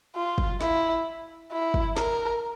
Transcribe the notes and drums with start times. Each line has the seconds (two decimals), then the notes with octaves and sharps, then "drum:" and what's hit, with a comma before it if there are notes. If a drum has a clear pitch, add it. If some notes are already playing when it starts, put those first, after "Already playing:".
0.16 F4
0.38 drum: kick
0.61 E4, drum: snare
1.52 E4
1.74 drum: kick
1.97 A#4, drum: snare